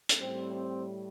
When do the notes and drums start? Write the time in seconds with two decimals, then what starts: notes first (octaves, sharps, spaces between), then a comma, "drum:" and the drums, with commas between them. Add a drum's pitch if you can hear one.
0.09 drum: hi-hat
0.20 A2 G3 C4
0.54 C4